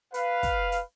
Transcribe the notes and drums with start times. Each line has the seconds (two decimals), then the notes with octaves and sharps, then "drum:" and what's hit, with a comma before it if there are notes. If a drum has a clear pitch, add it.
0.14 B4 F5, drum: hi-hat
0.43 drum: kick, hi-hat
0.72 drum: hi-hat